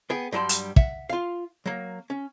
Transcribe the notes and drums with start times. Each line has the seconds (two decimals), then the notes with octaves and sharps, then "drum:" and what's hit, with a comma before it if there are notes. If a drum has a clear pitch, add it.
0.10 B3 G#4 G5
0.32 G2 F#3 G3 A5 C6
0.49 drum: hi-hat
0.76 E5 F#5, drum: kick
1.10 F4 F5
1.66 F#3 A#3
2.10 C#4